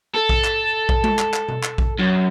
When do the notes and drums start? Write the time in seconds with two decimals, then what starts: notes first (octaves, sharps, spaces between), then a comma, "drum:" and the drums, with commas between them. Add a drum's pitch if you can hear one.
0.15 A4
0.29 drum: kick A#1
0.44 drum: clap
0.89 drum: kick A#1
1.04 drum: tom G#3
1.19 drum: clap
1.34 drum: clap
1.49 drum: tom B2
1.63 drum: clap
1.78 drum: kick A#1
1.99 F#2